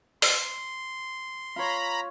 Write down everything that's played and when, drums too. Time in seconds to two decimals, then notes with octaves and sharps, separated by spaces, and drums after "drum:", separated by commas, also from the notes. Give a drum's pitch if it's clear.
0.22 C6, drum: open hi-hat
1.56 F4 C#5 A#5 B5